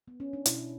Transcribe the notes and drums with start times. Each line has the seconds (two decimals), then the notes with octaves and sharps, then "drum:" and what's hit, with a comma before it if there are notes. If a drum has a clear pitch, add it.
0.08 B3
0.20 C#4
0.33 D4
0.46 B2 E4, drum: hi-hat